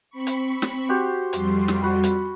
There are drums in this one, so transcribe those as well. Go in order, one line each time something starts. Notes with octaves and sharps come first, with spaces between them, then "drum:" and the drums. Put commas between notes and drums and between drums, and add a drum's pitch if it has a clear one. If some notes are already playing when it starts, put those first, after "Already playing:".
C4 B5 C#6
drum: hi-hat
drum: snare
F#4 G4 C5
F2 G3 C6, drum: hi-hat
drum: snare
F#4 B5
drum: hi-hat